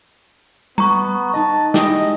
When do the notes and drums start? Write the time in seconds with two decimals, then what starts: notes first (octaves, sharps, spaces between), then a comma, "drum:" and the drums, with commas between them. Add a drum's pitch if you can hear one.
0.78 B3 A#5 C#6, drum: tom G3
1.34 D#4 D#5 A5
1.74 G#3 E4 G4 D#5, drum: snare